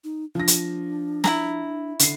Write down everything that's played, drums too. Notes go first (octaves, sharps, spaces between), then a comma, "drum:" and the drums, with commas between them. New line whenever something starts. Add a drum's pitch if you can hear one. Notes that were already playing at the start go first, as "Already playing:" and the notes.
D#4
F3 D4 A#6
drum: hi-hat
E4 G#4 A#5, drum: snare
D3 C7, drum: hi-hat